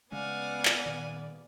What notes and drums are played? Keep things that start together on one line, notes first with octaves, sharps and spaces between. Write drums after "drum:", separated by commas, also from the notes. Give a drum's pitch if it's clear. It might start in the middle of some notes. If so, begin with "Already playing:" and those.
C#3 G#3 B3 C#4 D5 F5 F#5 G#5
drum: clap
A#2 D#3